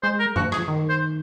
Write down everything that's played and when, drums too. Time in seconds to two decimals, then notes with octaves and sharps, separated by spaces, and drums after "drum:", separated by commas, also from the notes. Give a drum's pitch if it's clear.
0.03 G#3 C5
0.19 A#4
0.36 F3 F#4, drum: tom F#2
0.52 G#4, drum: rim click
0.68 D#3
0.89 C5